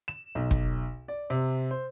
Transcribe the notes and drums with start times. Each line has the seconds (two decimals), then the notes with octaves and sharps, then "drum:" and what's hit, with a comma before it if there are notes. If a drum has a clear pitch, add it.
0.08 E7
0.35 B1
0.51 drum: kick
1.08 D5
1.30 C3
1.71 C5